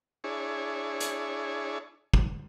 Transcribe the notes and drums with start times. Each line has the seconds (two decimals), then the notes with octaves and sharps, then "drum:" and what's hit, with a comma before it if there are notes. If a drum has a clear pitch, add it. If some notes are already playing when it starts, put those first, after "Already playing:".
0.24 D4 E4 G#4 C#5
1.00 drum: hi-hat
2.14 drum: kick